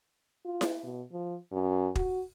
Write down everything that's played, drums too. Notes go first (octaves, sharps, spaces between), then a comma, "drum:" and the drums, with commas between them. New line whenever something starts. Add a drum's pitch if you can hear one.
F4
drum: snare E4
B2
F3
F#2
F#4, drum: kick